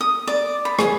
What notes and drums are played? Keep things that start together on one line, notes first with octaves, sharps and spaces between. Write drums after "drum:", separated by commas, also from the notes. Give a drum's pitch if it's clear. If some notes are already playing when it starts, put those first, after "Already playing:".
D#6
D5
B5
G#4, drum: rim click